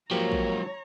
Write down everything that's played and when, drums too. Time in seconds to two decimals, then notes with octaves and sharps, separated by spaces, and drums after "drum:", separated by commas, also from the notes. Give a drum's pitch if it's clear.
0.11 G#2 F3 F#3 A#3 G4 C#5 A#5
0.32 drum: kick